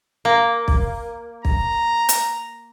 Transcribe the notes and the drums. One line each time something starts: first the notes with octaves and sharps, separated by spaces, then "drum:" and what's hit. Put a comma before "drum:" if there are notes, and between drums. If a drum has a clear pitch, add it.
A#3
drum: kick
A#5, drum: kick
drum: hi-hat